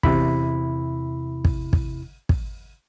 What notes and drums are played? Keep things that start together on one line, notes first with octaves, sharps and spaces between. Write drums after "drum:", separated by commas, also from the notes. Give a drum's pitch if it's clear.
E2 C3 E4 B5, drum: kick
drum: kick
drum: kick
drum: kick